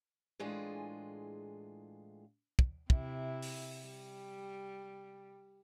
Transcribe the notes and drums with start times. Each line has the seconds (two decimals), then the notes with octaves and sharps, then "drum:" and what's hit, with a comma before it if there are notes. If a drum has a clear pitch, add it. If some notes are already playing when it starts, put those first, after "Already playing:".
0.40 A2 E3 G#3 D4 F4 G#4
2.59 drum: kick
2.90 C3 E4, drum: kick
3.42 drum: open hi-hat
3.84 G3